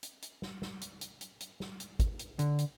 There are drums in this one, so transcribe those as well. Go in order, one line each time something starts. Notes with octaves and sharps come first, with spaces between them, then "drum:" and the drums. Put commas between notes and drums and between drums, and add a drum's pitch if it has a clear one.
drum: hi-hat
drum: hi-hat
drum: snare
drum: snare
drum: hi-hat
drum: hi-hat
drum: hi-hat
drum: hi-hat
drum: snare
drum: hi-hat
drum: kick, hi-hat
drum: hi-hat
D3, drum: hi-hat
drum: hi-hat